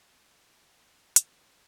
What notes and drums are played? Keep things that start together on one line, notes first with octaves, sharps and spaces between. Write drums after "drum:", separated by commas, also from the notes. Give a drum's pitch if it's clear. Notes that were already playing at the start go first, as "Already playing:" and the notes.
F3 A#4 D#5 F#5
drum: hi-hat